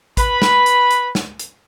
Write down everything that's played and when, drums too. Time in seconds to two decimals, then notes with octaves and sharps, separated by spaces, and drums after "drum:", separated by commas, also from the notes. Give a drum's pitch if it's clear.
0.17 B4 B5, drum: kick A1, hi-hat
0.42 drum: snare
0.66 drum: hi-hat
0.91 drum: hi-hat
1.15 drum: snare
1.40 drum: hi-hat